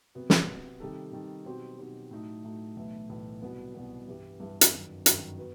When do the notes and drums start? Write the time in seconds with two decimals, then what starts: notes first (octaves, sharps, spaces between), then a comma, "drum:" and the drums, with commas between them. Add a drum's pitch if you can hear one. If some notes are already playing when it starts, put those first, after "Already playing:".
0.15 C3 F#3 B3
0.30 drum: snare
0.47 C3 F#3 B3
0.80 C3 D#3 G3 D#4 A4
1.12 C3 D#3 G3 D#4 A4
1.45 B2 F#3 C4 D#4 G4
1.79 B2 F#3 C4 D#4 G4
2.11 A2 F#3 A3 D#4
2.44 A2 F#3 A3 D#4
2.77 B1 A2 E3 A3
3.09 B1 A2 E3 A3
3.42 C2 B2 F#3 B3
3.74 C2 B2 F#3 B3
4.07 G2 E3 G3
4.40 G2 E3 G3
4.61 drum: hi-hat
4.72 G1 F#2 D#3
5.06 G1 F#2 D#3, drum: hi-hat
5.38 F#3 B3 F#4 B4